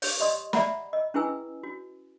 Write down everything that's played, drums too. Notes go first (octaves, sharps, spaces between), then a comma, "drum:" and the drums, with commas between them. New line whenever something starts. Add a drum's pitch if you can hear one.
G4 C#5, drum: open hi-hat
G4 D5 D#5 C6 D#6
D5 E5 F#5 A#5 B5, drum: snare
D#5
C#4 E4 G#4 B4 G#5 E6
F#4